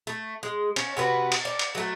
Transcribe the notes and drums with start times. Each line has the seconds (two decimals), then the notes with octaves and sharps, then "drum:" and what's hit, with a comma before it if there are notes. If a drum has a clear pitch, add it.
0.07 A3
0.43 G#3
0.76 C#4, drum: cymbal
0.97 C3 F#4 B4
1.32 drum: cymbal
1.45 D5
1.59 drum: cymbal
1.75 F#3 A3